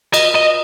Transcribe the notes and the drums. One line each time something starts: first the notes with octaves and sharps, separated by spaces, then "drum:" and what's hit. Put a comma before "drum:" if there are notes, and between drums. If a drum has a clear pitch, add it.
D#5, drum: cymbal
D#5